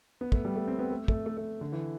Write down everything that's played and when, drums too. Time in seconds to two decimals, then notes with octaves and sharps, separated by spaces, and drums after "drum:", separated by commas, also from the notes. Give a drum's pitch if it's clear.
0.21 B3
0.32 A3, drum: kick
0.45 G3
0.56 A3
0.68 C4
0.79 B3
0.91 A3
1.08 A3, drum: kick
1.26 A3
1.37 A3
1.61 D3
1.72 E3